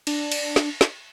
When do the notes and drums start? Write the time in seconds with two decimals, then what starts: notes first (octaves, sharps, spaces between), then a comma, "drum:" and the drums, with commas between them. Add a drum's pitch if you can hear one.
0.07 D4, drum: cymbal
0.32 drum: cymbal
0.56 drum: snare
0.81 drum: snare